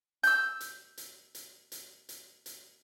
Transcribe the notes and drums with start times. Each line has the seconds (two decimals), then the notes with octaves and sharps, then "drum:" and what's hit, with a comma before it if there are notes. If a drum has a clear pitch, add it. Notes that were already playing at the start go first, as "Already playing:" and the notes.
0.23 E6 G6, drum: hi-hat
0.60 drum: hi-hat
0.98 drum: hi-hat
1.35 drum: hi-hat
1.72 drum: hi-hat
2.09 drum: hi-hat
2.46 drum: hi-hat